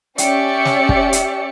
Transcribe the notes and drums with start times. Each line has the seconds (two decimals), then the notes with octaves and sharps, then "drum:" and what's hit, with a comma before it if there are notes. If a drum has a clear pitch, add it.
0.18 C#4 G4 D5 E5 C#7, drum: hi-hat
0.65 drum: snare
0.89 drum: kick
1.13 drum: hi-hat